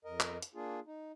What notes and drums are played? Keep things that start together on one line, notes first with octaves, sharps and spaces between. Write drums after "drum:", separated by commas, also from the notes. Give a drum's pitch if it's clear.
F2 A#4 D#5
drum: clap
drum: hi-hat
A#3 D4 F4 G#4
D#4